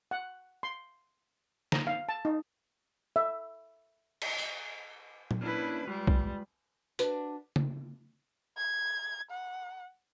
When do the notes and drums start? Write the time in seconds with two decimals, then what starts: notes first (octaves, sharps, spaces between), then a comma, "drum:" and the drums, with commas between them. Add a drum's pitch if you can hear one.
0.11 F#5
0.63 C6
1.72 A#5, drum: snare
1.87 F5
2.09 A5
2.25 D#4
3.16 E5
4.22 drum: cymbal
4.38 drum: tambourine
5.31 drum: tom A#2
5.41 A#3 C#4 D4 E4 B4
5.87 G3 G#3 F4 B4
6.07 drum: kick
6.99 D4 F#4 B4, drum: hi-hat
7.56 drum: tom C#3
8.57 G#6
9.31 F#5